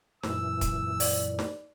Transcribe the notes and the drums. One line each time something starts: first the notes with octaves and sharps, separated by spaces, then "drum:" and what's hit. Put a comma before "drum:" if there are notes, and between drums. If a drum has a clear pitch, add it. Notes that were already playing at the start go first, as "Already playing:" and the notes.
F#2 A#2 E3 E6, drum: snare
drum: kick, hi-hat
D5, drum: open hi-hat
drum: snare